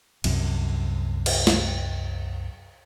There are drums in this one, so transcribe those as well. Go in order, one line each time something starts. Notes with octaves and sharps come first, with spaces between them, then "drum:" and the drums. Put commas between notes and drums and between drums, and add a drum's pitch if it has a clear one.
C2 F#2 C3, drum: cymbal
drum: cymbal
drum: snare